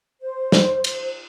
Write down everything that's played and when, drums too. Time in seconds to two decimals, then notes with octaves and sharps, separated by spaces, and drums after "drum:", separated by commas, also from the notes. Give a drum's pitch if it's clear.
0.20 C5
0.52 drum: snare
0.84 drum: cymbal